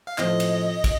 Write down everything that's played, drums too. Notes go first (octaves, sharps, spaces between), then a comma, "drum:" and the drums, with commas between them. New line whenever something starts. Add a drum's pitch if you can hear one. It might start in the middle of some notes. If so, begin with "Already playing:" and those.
F5
A2 F3 C4 F4 A4 D#5, drum: clap
drum: cymbal
drum: kick, cymbal